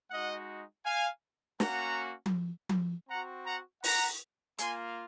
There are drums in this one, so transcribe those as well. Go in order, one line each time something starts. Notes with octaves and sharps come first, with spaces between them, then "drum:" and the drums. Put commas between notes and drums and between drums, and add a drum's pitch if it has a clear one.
G#3 D#4 F#4 D#5 F#5
F5 G#5
A#3 C#4 F#4 F#5 A#5, drum: snare
drum: tom F3
drum: tom F3
C4 F#4 F#5 A#5
F#5 A#5
F#5 A#5, drum: open hi-hat
A#3 F4 G#5 C6, drum: hi-hat